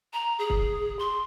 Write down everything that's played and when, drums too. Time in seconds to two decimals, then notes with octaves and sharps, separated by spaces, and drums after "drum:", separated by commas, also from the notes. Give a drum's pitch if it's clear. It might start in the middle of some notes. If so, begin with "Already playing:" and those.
0.13 A#5
0.39 G#4
0.50 drum: kick
0.99 C6